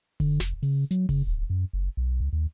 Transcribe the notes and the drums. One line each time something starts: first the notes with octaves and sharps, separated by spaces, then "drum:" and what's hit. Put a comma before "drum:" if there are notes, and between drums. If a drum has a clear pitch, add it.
D3, drum: kick F1, open hi-hat
F1, drum: snare
C#3, drum: open hi-hat
F#3, drum: hi-hat
C#3, drum: kick F1, open hi-hat
D1
F#2
F#1
B1
C#2
D#2